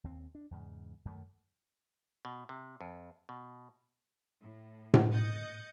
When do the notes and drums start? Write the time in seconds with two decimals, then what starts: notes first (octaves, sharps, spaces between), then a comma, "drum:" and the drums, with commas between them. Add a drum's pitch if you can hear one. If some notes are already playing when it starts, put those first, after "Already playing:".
0.04 D#2 C4
0.35 D4
0.51 E2 G#2 C#3
1.05 F#2 D#3 A3
2.25 B2
2.49 C3
2.81 F2
3.29 B2
4.42 A2
4.94 drum: tom A2
5.12 D#5 D#6 F#6 G6 A6 C#7